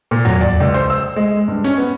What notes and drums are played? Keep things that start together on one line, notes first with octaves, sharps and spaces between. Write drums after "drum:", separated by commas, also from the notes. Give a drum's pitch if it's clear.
A#2
F#3, drum: tom
D5
C#2
C5
E6
G#3
G2
C#4, drum: hi-hat
B3